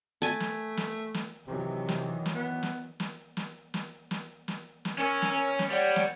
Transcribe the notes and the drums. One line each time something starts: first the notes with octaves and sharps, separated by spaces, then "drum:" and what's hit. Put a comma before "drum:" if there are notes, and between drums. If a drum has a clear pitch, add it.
A3 G#5 A5
drum: snare
drum: snare
drum: snare
C3 D#3 E3 F#3
drum: snare
drum: snare
B3
drum: snare
drum: snare
drum: snare
drum: snare
drum: snare
drum: snare
drum: snare
C#4 A#4 C#5 G#5 E6
drum: snare
drum: snare
G3 C#5 D5 F#5
drum: snare